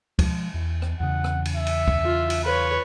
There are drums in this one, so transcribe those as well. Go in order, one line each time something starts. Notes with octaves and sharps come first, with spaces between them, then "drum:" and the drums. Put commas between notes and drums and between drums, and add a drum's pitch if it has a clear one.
F3 G#3, drum: kick, cymbal
E2
drum: rim click
E2 C#3 F#5
drum: rim click
drum: cymbal
E5
drum: cymbal
drum: kick
F4
drum: cymbal
F4 B4 C#5